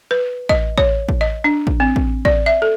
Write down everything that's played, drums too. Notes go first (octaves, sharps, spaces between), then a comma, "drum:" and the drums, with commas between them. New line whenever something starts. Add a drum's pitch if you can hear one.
B4
D#5, drum: kick A1
C#5, drum: kick A1
drum: kick A1
D#5
D4
drum: kick A1
C4
drum: kick A1
D5, drum: kick A1
E5
A4